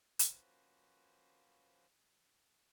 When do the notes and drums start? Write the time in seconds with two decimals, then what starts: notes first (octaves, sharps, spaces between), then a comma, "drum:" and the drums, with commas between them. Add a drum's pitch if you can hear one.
0.19 F3 A#3 C#4 F#4 B4 C5, drum: hi-hat